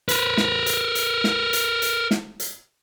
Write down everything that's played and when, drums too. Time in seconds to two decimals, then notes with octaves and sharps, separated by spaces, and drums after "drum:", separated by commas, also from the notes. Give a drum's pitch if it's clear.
0.09 A#4 B4, drum: hi-hat
0.37 drum: snare
0.66 drum: hi-hat
0.95 drum: hi-hat
1.24 drum: snare
1.53 drum: hi-hat
1.82 drum: hi-hat
2.11 drum: snare
2.40 drum: hi-hat